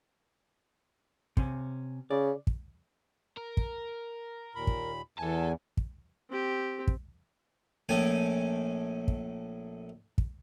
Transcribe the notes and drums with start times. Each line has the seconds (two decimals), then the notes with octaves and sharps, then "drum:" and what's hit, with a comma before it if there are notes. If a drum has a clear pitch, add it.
1.37 C3 C#4, drum: kick
2.11 C#3 D5
2.47 drum: kick
3.37 A#4
3.57 drum: kick
4.55 D#2 A#2 B5
4.67 drum: kick
5.18 E2 A4 G#5 A5
5.77 drum: kick
6.30 C4 G4
6.87 drum: kick
7.89 A#1 A3 C#4 G5 G#5
9.08 drum: kick
10.18 drum: kick